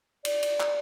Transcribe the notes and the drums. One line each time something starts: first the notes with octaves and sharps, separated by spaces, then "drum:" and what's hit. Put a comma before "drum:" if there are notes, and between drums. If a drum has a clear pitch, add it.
D5, drum: cymbal
drum: cymbal
drum: clap